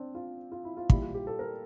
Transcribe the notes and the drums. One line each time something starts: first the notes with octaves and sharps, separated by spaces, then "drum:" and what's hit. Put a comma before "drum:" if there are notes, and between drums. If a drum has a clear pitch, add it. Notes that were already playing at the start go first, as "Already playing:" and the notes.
Already playing: C4 D4
F4
F4
E4
F4
A#2 G3 E4, drum: kick
F4
G4
A4
A#4